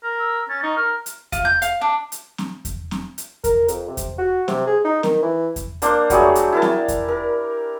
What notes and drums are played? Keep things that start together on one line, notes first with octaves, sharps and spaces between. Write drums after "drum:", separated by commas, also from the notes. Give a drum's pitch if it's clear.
A#4
E6
C#4 A6
D#4 C#6
A#4 F6
drum: hi-hat
F4, drum: kick E2, hi-hat
G6
F5, drum: hi-hat
D4
drum: hi-hat
drum: snare C4
drum: kick E2, hi-hat
drum: snare C4
drum: hi-hat
A#4, drum: kick E2, hi-hat
F2, drum: hi-hat
C3
drum: kick E2, hi-hat
F#4
C3, drum: snare C4
G#4
D#4
D#3, drum: snare C4
E3
drum: kick E2, hi-hat
A#3 D4 A#4 C5, drum: hi-hat
F#3 G3 A3 G#4, drum: kick E2, hi-hat
drum: hi-hat
E4 A#4 A5
drum: snare C4
drum: kick E2, hi-hat
A#4